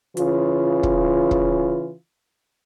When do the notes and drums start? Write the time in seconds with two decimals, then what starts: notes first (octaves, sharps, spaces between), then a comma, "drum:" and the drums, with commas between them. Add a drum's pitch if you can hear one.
0.17 C#3 E3 F4, drum: hi-hat
0.83 drum: kick
1.31 drum: kick